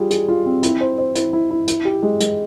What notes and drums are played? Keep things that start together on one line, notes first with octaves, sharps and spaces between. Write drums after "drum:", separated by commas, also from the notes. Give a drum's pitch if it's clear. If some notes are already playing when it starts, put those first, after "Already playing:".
Already playing: G3 F4 G#4
G#4, drum: hi-hat
F4
C4
E4, drum: hi-hat
C5
C5
E4, drum: hi-hat
E4
E4
E4, drum: hi-hat
G4
G#3
G#3, drum: hi-hat